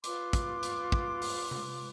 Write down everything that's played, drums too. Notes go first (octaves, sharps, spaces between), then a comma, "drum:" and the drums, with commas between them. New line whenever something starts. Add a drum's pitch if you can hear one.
F4 B4 C6 D6, drum: hi-hat
drum: kick, hi-hat
drum: hi-hat
drum: kick
drum: open hi-hat
drum: tom C3